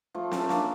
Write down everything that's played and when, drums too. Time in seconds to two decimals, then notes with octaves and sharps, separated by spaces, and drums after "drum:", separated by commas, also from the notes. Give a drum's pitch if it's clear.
0.14 F3 A3
0.31 A3 C#4, drum: snare
0.49 A#3 D4, drum: snare